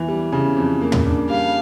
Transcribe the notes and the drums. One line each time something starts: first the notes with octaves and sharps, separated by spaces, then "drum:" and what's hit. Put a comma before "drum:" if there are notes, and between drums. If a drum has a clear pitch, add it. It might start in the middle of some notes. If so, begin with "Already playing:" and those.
Already playing: E2 E3
G3
C#3
F2
A#3
drum: tom
D4
G3 F5